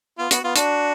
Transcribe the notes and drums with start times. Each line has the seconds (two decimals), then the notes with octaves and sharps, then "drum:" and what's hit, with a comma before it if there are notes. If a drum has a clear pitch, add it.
0.18 B3 F4
0.31 B3 F#4, drum: hi-hat
0.43 B3 F4
0.56 D4 F#4, drum: hi-hat